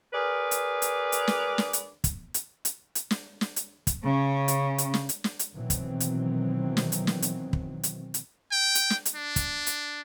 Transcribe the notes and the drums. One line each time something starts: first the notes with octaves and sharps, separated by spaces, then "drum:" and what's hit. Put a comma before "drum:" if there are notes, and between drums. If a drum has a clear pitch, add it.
G#4 A#4 B4 D5
drum: hi-hat
drum: hi-hat
drum: hi-hat
drum: snare
drum: snare
drum: hi-hat
drum: kick, hi-hat
drum: hi-hat
drum: hi-hat
drum: hi-hat
drum: snare
drum: snare
drum: hi-hat
drum: kick, hi-hat
C#3 C#4
drum: hi-hat
drum: hi-hat
drum: snare
drum: hi-hat
drum: snare
drum: hi-hat
B2 D#3 E3 F#3 C4
drum: kick, hi-hat
drum: hi-hat
drum: snare
drum: hi-hat
drum: snare
drum: hi-hat
drum: kick
drum: hi-hat
drum: hi-hat
G5
drum: hi-hat
drum: snare
drum: hi-hat
D4
drum: kick, hi-hat
drum: hi-hat